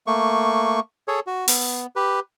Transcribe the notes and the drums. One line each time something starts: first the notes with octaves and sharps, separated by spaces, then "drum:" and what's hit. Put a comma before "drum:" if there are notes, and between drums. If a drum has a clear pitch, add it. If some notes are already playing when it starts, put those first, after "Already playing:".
A3 A#3 C#6
G#4 A4 C#5
F#4
B3, drum: open hi-hat
G4 B4